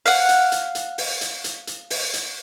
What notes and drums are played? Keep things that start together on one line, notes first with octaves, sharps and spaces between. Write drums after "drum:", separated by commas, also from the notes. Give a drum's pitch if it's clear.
F5 F#5, drum: open hi-hat
drum: hi-hat
drum: hi-hat
drum: hi-hat
drum: open hi-hat
drum: hi-hat
drum: hi-hat
drum: hi-hat
drum: open hi-hat
drum: hi-hat